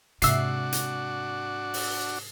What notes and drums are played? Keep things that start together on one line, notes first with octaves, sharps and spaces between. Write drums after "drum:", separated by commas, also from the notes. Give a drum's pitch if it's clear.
G#2 C3 D4 F#4 E5 C7, drum: hi-hat
drum: hi-hat
drum: open hi-hat